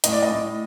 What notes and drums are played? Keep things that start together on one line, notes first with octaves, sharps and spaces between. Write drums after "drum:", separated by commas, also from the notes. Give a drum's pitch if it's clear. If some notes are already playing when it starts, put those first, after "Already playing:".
A2 D#5, drum: hi-hat
D5
D#5
A2